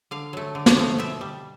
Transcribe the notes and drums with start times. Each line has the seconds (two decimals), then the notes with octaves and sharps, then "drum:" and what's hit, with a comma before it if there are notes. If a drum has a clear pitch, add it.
0.11 D3 F5
0.33 F#3 A3
0.55 D3
0.66 drum: snare
0.77 F3 A3
0.98 B2 E5
1.21 G3